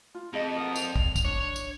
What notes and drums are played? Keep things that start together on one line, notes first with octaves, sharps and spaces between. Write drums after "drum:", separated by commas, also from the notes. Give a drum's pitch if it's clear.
F4
F2 G#4 D#5
A#4 F#5 D#6
D5 G5 F7, drum: tambourine
drum: kick
drum: kick, tambourine
D4 C#5
drum: tambourine